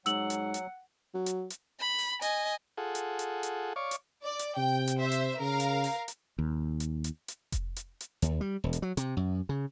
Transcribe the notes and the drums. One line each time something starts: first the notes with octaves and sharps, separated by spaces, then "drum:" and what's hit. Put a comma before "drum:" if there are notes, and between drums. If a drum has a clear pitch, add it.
G#2 F#3 F#5 E6 F#7, drum: hi-hat
drum: hi-hat
drum: hi-hat
F#3
drum: hi-hat
drum: hi-hat
B5
drum: open hi-hat
D#5 G#5, drum: hi-hat
F4 G#4 A4 F#5
drum: hi-hat
drum: hi-hat
drum: hi-hat
C#5 D5 F5 C#6 D6
drum: hi-hat
D5
drum: hi-hat
C3 G5
drum: hi-hat
C5 E5
drum: hi-hat
C#3 A#4 F5
drum: hi-hat
drum: open hi-hat
drum: hi-hat
D#2
drum: hi-hat
drum: hi-hat
drum: hi-hat
drum: kick F1, hi-hat
drum: hi-hat
drum: hi-hat
D#2, drum: hi-hat
G3
E1
drum: hi-hat
F#3
C3, drum: hi-hat
F#2
C#3